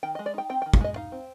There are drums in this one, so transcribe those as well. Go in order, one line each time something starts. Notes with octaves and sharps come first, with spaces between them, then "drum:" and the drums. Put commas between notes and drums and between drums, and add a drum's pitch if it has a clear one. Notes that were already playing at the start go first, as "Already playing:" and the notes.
D#3 G5
D#5
G#3
D5
D#4 G5
C4 G5
G5
D#3
F5, drum: kick
G#3 D#5
D#4 F5
C4